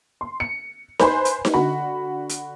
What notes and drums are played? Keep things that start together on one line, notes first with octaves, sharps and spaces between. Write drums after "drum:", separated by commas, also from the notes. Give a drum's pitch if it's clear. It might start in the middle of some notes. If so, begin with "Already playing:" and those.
C6
C#7
B4 C5 G#5 B5 C6, drum: snare D#4
drum: hi-hat
drum: snare D#4
D3 F#4 B5
drum: hi-hat